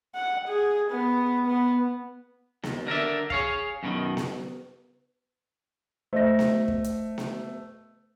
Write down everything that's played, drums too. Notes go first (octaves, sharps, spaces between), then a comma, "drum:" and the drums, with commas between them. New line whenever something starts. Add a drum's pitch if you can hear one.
F#5
G#4
B3
B3
D#2, drum: snare B3
D3 A#4 D5 E5
G#4 C#5 F5, drum: kick
F#2 B2 D3 D#3
drum: snare B3
A3 C5 D#5 A#6
drum: snare B3
drum: kick
drum: hi-hat
drum: snare B3